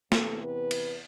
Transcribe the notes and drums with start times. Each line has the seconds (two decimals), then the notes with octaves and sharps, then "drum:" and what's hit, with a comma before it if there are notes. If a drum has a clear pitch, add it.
0.12 E2 C3 E3 B3 A4, drum: snare
0.42 B4
0.71 drum: cymbal